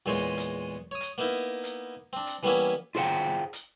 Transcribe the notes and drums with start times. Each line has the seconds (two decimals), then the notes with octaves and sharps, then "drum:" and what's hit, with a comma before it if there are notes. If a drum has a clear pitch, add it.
0.06 E2 A#2 G#3 C5 C#5 D#5
0.37 drum: hi-hat
0.91 C#5 D#6
1.00 drum: hi-hat
1.18 A#3 B3 D#4 E4 A#4
1.64 drum: hi-hat
2.13 C4 D4
2.27 drum: hi-hat
2.43 E3 G3 A#3 B3 C#4 E4
2.95 F4 G#4 C5 F#5 G5
3.53 drum: hi-hat